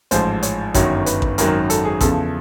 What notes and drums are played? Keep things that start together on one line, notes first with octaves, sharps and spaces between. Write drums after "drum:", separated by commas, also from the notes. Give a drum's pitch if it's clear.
A1 G#2 F3 C5, drum: hi-hat
C#5, drum: hi-hat
G1 F#2 D#3 F#3 C#5, drum: kick A1, hi-hat
B4, drum: hi-hat
drum: kick A1
G#1 F#2 D#3 F#3 A#4, drum: hi-hat
A4, drum: hi-hat
G#4
E2 C#3 F3 A4, drum: kick A1, hi-hat